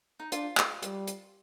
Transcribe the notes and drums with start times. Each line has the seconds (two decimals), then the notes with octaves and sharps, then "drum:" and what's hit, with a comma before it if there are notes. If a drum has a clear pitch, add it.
0.20 D#4
0.32 D4 F4, drum: hi-hat
0.57 drum: clap
0.83 G3, drum: hi-hat
1.07 drum: hi-hat